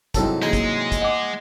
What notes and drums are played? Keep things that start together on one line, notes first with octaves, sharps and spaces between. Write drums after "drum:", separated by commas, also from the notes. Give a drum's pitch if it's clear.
G#2 C3 F#3 G3 E4 A4, drum: kick, hi-hat
E3 G#3 A#3 D#4 G#4
drum: kick, hi-hat
drum: kick, hi-hat
D#5 F#5 D6